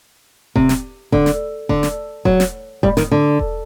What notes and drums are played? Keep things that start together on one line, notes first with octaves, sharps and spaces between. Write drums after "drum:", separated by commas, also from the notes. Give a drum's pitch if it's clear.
C3, drum: kick E1
drum: snare
D3, drum: kick E1
drum: snare
D3, drum: kick E1
drum: snare
F#3, drum: kick E1
drum: snare
G3, drum: kick E1
D#3, drum: snare
D3
drum: kick E1